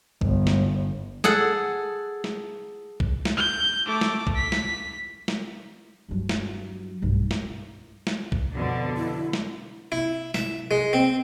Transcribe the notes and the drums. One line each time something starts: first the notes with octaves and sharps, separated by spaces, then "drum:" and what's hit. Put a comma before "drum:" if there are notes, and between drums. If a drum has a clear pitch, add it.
G1, drum: kick
drum: snare
G#4 A4 F#5, drum: snare
drum: snare
drum: kick
drum: snare
G6
A3 D6
drum: snare
drum: kick
B6
drum: snare
drum: snare
G2 F#3
drum: snare
B1 G2
drum: snare
drum: snare
drum: kick
F2 B2 D3
E4
drum: snare
E4
E5, drum: snare
G#3
C4